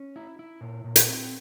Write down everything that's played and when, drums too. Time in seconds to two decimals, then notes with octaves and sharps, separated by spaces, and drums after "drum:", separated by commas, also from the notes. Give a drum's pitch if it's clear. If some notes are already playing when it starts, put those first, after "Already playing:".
Already playing: C#4
0.16 E4
0.39 E4
0.61 A#2
0.84 A#2
0.96 drum: hi-hat
1.07 C4